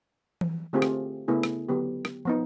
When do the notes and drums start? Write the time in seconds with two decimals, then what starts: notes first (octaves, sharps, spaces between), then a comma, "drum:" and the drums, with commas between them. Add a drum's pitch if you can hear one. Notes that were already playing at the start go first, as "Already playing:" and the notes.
0.41 drum: tom E3
0.73 D3 A3 C4 F4 G4 G#4
0.82 drum: rim click
1.28 C#3 A3 B3 E4 G#4
1.43 drum: rim click
1.69 D3 F#3 B3 G4
2.05 drum: rim click
2.25 F3 B3 D#4